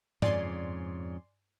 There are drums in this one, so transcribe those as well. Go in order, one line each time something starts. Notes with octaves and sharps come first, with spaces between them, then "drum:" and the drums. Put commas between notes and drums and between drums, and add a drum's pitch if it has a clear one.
F2 G#2 C#3 D5 G#5 C6, drum: tom G2